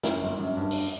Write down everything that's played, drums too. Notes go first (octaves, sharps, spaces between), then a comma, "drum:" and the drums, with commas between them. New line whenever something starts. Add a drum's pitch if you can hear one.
F#2, drum: snare
G1
F#2
G2
drum: open hi-hat